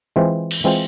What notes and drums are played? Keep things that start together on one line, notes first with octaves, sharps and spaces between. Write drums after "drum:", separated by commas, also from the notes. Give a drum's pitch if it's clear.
E3 G#3 C4 F4 C5
drum: cymbal
E3 G#3 C4 F4 C5